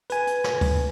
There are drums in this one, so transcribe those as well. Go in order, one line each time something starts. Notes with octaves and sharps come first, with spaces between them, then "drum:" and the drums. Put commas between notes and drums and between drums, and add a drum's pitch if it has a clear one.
B4 G#5, drum: hi-hat
drum: hi-hat
drum: snare
drum: kick C#2, open hi-hat